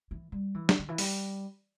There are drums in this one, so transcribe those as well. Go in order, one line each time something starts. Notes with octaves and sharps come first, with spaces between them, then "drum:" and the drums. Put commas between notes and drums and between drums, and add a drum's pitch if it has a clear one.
E3
G3
E3
C3, drum: snare
D3
E3
G3, drum: open hi-hat